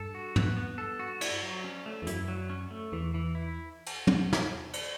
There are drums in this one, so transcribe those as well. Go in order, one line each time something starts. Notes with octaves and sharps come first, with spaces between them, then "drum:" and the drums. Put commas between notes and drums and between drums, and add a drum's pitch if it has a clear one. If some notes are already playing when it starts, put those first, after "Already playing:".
Already playing: G2 A4
F#4
B3, drum: tom
B3
A4
F#4
E4, drum: cymbal
F#3
C#4
A3
E2
F#2 E4, drum: hi-hat
F#3
C#4
A3
E2 E3
E3
E4
drum: cymbal
drum: tom
drum: snare
drum: cymbal